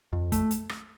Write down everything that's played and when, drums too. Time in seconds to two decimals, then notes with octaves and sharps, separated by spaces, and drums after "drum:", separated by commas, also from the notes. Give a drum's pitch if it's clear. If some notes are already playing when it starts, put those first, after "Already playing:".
0.13 F2
0.32 A3, drum: kick, hi-hat
0.51 drum: hi-hat
0.69 drum: rim click